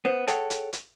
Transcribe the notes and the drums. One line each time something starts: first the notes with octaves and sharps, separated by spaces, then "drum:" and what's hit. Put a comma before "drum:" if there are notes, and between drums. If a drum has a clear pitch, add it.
B3 C5
G#4 A4 C#5 F#5 G5 A5, drum: hi-hat
drum: hi-hat
drum: hi-hat